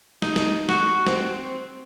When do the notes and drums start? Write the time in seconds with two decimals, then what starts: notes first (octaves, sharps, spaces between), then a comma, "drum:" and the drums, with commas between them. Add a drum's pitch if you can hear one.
0.22 D#4, drum: snare
0.36 drum: snare
0.69 F#4, drum: snare
1.07 C4, drum: snare